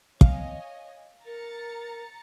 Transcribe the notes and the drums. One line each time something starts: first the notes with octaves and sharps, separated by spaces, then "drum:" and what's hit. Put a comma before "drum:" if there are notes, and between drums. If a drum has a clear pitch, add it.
C#5 D#5 F5 G#5, drum: kick
A#4 A#5 A6 C#7